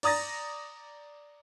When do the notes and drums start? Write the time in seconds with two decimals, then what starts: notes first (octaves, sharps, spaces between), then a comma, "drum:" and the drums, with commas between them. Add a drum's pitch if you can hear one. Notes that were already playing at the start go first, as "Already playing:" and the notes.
0.03 D5 A#5 D#6 A6 A#6, drum: cymbal